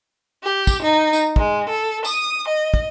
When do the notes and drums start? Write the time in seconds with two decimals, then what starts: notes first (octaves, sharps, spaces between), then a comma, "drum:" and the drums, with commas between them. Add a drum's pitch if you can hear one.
0.43 G4
0.67 drum: kick, tambourine
0.83 D#4
1.13 drum: tambourine
1.36 G#3, drum: kick
1.69 A4
2.05 D#6, drum: tambourine
2.47 D#5
2.74 drum: kick